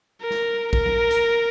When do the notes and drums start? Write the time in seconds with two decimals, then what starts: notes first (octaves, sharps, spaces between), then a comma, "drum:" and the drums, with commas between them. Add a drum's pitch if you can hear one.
0.21 A#4
0.30 drum: snare
0.73 A#4, drum: kick
0.86 drum: tom F#3
1.11 drum: hi-hat